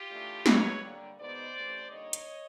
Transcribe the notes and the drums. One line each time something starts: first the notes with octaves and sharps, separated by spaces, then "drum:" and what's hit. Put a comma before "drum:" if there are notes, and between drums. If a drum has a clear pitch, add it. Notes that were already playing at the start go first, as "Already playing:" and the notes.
Already playing: F4 G4
E3 A3 D4
D#3 F#3 A3 C#4 B4 C#5, drum: snare
D3 G3 A#3
B2 G#3 B3 D#4 C5 D5
C3 E3 A3 C#4
D3 G3 A#3 D#4 C#5 D#5
drum: hi-hat